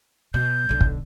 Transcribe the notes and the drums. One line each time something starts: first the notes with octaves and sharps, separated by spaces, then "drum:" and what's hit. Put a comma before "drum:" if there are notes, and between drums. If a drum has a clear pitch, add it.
B2 G6
B1 D3
drum: kick